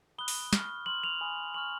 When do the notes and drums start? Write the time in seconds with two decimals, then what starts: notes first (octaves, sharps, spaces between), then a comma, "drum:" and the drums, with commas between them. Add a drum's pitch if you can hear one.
0.18 B5 D#6 F#6 G7
0.28 drum: open hi-hat
0.53 C#6 F6, drum: snare
0.86 C6 F6 F#7
1.04 F7
1.21 G#5 B5 D#6
1.54 G#5 C#6 F6 F#7